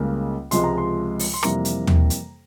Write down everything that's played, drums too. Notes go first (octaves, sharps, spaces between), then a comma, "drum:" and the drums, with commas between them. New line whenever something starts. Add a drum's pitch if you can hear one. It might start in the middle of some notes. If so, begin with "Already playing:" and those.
Already playing: C#2 C#3 G3 A#3
C#2 C3 F3 G#3 C6, drum: hi-hat
A#5
C6
drum: open hi-hat
C6
F2 C3 E3 G3 A#3 A#5, drum: rim click
drum: hi-hat
drum: tom D#2
drum: hi-hat